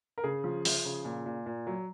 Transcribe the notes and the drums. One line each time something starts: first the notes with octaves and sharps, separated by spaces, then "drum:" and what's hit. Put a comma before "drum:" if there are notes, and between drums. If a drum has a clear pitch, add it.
A#4
C#3 G#4
F3
F3, drum: open hi-hat
C#3
A#2
A#2
A#2
F#3